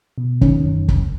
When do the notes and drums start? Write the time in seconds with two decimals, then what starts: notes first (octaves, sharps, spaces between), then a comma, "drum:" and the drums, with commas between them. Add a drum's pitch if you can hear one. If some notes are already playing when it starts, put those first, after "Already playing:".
0.18 B2
0.41 D#3 C#4, drum: kick
0.65 F#2
0.88 C#2, drum: kick